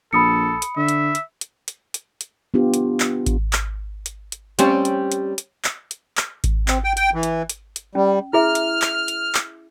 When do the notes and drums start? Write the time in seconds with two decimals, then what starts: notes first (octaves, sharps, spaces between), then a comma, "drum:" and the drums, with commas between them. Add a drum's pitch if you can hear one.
0.13 A#1 A4 B5 D#6 C#7
0.62 drum: hi-hat
0.77 D3 E5
0.88 drum: hi-hat
1.15 drum: hi-hat
1.41 drum: hi-hat
1.68 drum: hi-hat
1.94 drum: hi-hat
2.21 drum: hi-hat
2.54 B3 D4 F4 G4
2.74 drum: hi-hat
3.00 drum: clap
3.26 drum: kick G#1, hi-hat
3.53 drum: clap
4.06 drum: hi-hat
4.32 drum: hi-hat
4.59 G3 C4 C#4, drum: hi-hat
4.85 drum: hi-hat
5.12 drum: hi-hat
5.38 drum: hi-hat
5.64 drum: clap
5.91 drum: hi-hat
6.17 drum: clap
6.44 drum: kick G#1, hi-hat
6.68 C4, drum: clap
6.84 G5
6.97 G5, drum: hi-hat
7.14 E3
7.23 drum: hi-hat
7.50 drum: hi-hat
7.76 drum: hi-hat
7.95 G3 C#4
8.33 E4 G#4 E5 F6
8.55 drum: hi-hat
8.82 drum: clap
9.08 drum: hi-hat
9.35 drum: clap